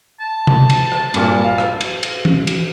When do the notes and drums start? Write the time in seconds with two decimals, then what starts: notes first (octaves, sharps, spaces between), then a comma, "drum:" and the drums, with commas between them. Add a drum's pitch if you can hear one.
0.20 A5
0.47 drum: tom
0.70 drum: cymbal
0.92 drum: rim click
1.14 G2 A#2, drum: cymbal
1.44 F5
1.58 drum: rim click
1.81 drum: cymbal
2.03 drum: cymbal
2.25 drum: tom
2.47 drum: cymbal